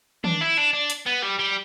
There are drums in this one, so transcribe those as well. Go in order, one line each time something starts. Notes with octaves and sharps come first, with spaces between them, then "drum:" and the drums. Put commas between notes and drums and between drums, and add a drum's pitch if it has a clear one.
D4, drum: tom D#3
E4
D4
D4
drum: hi-hat
B3
G3
G3